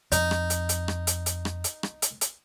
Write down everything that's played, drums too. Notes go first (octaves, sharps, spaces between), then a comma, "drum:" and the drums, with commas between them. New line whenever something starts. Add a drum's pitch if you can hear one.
F2 D#4, drum: hi-hat
drum: rim click
drum: hi-hat
drum: hi-hat
drum: rim click
drum: hi-hat
drum: hi-hat
drum: rim click
drum: hi-hat
drum: rim click
drum: hi-hat
drum: hi-hat